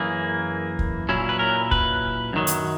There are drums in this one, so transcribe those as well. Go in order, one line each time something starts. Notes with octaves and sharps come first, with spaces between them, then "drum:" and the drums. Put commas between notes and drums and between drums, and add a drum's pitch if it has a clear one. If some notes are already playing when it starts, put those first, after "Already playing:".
Already playing: F#2 E3 A#3 G#4
drum: kick
A#2 F#3 C#4 E4
B4
A#4
B4, drum: kick
F#2 D#3 F#3
drum: hi-hat